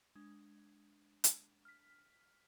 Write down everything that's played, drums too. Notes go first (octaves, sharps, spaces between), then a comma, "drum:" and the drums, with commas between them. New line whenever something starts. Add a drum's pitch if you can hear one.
G#3 D4
drum: hi-hat
F6 B6